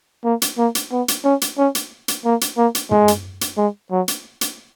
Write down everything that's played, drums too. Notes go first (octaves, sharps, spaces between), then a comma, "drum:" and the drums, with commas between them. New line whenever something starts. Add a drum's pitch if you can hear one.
A#3
drum: hi-hat
A#3
drum: hi-hat
B3
drum: hi-hat
C#4
drum: hi-hat
C#4
drum: hi-hat
drum: hi-hat
A#3
drum: hi-hat
A#3
drum: hi-hat
G#3, drum: tom
drum: hi-hat
drum: hi-hat
G#3
F#3
drum: hi-hat
drum: hi-hat